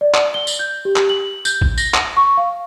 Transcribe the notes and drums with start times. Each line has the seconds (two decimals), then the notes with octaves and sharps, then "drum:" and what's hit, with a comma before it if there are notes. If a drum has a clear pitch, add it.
0.01 D5
0.14 drum: clap
0.34 G7
0.47 drum: tambourine
0.59 G6
0.85 G4
0.96 drum: clap
1.09 F#7
1.45 G6, drum: tambourine
1.61 drum: kick A#1
1.78 A#6, drum: tambourine
1.94 drum: clap
2.17 C#6
2.37 F5